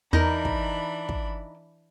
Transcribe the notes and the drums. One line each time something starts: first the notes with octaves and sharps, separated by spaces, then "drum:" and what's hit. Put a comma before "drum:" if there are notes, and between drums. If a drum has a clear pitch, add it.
E2 E3 D4 D#4 A#4 B5
drum: kick
drum: kick